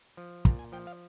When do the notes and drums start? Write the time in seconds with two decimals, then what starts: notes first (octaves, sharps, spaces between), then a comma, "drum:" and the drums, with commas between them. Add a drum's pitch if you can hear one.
0.17 F3
0.45 A#2 A#5, drum: kick
0.59 G#5
0.72 F3 G5
0.87 F5